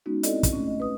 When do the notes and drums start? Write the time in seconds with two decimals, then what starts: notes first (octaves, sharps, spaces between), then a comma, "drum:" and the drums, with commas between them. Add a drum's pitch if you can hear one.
0.06 G#3 B3 C#4 D#4 F#4
0.23 C4 E4 A4 D5 D#5, drum: hi-hat
0.43 drum: kick, hi-hat
0.53 A3 C#4
0.67 D#5
0.80 B4 D#6